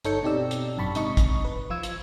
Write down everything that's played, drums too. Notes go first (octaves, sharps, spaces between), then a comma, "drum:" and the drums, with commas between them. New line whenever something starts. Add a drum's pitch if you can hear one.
G1 D#4 A4 C#5 G6 C#7, drum: hi-hat
B2 C4 D#4 G4 D5 E6
drum: hi-hat
G#1 F#2 D4 A5 B5 C#6
G#2 C3 D#4 D#5 C#6, drum: hi-hat
drum: kick, hi-hat
B4
F3 F4 E6 G#6
drum: hi-hat